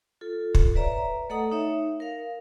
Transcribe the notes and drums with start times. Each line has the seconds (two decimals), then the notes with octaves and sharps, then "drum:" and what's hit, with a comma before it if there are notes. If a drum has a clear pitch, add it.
0.21 F4 A4
0.55 drum: kick
0.76 B4 C#5 D5 E5 A#5
1.30 A3 A4 D#5 F#5 A#5 D#6
1.52 D#4 C#5 E5
2.00 A#4 F5